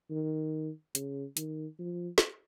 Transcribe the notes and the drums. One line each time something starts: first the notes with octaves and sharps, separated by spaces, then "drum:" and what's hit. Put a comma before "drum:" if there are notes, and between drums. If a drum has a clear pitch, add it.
D#3
C#3, drum: hi-hat
D#3, drum: hi-hat
F3
drum: snare